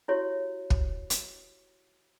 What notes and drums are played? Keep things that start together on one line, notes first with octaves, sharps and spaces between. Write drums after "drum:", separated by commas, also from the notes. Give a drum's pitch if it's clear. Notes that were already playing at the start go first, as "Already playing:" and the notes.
E4 F#4 G4 C#5
drum: kick
drum: hi-hat